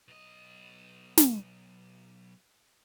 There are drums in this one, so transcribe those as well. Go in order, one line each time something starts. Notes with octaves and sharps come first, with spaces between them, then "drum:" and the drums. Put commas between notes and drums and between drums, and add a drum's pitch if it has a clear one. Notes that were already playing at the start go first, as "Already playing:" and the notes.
B1 D#5
drum: snare